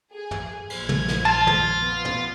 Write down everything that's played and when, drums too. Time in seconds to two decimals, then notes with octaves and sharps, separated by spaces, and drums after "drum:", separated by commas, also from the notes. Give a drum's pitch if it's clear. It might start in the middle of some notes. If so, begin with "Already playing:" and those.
0.14 G#4
0.31 drum: tom
0.70 A#1 F3 G#6, drum: cymbal
0.89 drum: tom
1.08 drum: snare
1.25 F4 A5
1.47 drum: tom
1.80 B3
2.05 drum: tom